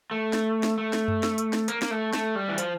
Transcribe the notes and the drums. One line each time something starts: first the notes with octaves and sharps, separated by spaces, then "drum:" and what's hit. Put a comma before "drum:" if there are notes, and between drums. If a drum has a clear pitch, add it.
A3
drum: snare
drum: snare
A3
drum: snare
drum: tom F#2
drum: snare
drum: hi-hat
drum: snare
A#3, drum: hi-hat
A#3, drum: snare
A3
A3, drum: snare
G3
E3
F3, drum: hi-hat